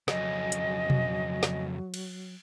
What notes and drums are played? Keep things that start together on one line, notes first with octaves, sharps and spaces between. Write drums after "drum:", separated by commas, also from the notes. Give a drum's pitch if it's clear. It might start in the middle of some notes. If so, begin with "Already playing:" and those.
F2 C#3 F#3 D#5 G#5, drum: snare
drum: hi-hat
drum: tom B2
drum: snare
drum: cymbal